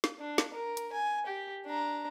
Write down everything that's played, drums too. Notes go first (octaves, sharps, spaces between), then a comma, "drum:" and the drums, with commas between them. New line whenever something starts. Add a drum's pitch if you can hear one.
drum: snare
D4
drum: snare
A#4
drum: hi-hat
G#5
G4
D4 A#5